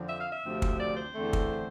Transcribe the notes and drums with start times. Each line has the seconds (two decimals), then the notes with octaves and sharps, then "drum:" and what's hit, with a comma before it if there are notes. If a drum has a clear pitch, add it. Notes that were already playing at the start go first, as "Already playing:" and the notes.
Already playing: F2 D3 F3 C4
0.09 E5
0.20 F5
0.33 E5
0.44 D2 C3 F3 C4
0.62 drum: kick
0.80 D5
0.97 C5
1.15 E2 D3 A3 C4
1.33 drum: kick